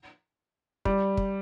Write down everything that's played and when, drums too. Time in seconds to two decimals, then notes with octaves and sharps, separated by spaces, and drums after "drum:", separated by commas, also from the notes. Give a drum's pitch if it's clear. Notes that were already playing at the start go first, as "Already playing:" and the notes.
0.85 G3, drum: kick
1.17 drum: kick